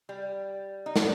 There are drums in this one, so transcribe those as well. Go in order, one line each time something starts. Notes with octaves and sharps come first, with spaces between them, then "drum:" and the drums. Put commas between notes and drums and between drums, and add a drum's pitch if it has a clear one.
G3
D#4
B3 D4, drum: snare